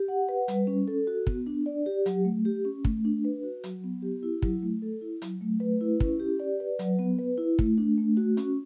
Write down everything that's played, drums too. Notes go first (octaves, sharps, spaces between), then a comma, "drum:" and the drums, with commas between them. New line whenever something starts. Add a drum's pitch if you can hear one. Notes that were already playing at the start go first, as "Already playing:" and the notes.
Already playing: G4
F#5
B4
G3, drum: hi-hat
C#4
A4
F#4
B3, drum: kick
D4
D5
G4
F#3, drum: hi-hat
A3
G4
C#4
A3, drum: kick
D4
B4
F#4
F#3, drum: hi-hat
B3
G4
E4
F#3, drum: kick
A3
A4
E4
F#3, drum: hi-hat
A3
B4
E4
C#4, drum: kick
G4
D5
B4
F#3, drum: hi-hat
B3
B4
E4
A3, drum: kick
D4
A3
F#4
C#4, drum: hi-hat